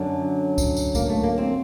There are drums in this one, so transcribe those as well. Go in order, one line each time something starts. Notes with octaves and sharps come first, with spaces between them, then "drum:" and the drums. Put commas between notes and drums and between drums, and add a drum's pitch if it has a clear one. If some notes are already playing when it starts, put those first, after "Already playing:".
Already playing: F#2 D3 F#3 D4
drum: kick C#2, tambourine
drum: tambourine
A#3, drum: kick C#2, tambourine
A3
A#3
C4